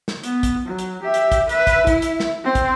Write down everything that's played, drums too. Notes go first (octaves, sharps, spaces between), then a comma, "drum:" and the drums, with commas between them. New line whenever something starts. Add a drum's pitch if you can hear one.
drum: snare
B3, drum: hi-hat
drum: kick, hi-hat
F#3
drum: hi-hat
G4 E5
drum: hi-hat
drum: kick, hi-hat
B4 E5, drum: hi-hat
drum: kick, hi-hat
E4, drum: kick, hi-hat
drum: hi-hat
drum: snare
C4
drum: kick, hi-hat